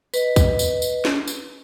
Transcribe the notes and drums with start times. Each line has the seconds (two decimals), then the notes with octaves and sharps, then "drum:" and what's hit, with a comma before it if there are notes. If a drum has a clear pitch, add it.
0.14 B4 D#5, drum: tambourine
0.36 drum: kick, tambourine
0.59 drum: tambourine
0.82 drum: tambourine
1.05 drum: snare
1.28 drum: tambourine